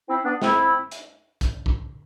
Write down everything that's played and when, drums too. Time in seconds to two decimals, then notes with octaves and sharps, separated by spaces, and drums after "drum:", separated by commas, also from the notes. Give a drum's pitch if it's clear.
0.09 C4 E4
0.25 B3 D4
0.42 C4 E4, drum: snare
0.91 drum: hi-hat
1.41 drum: kick, hi-hat
1.66 drum: kick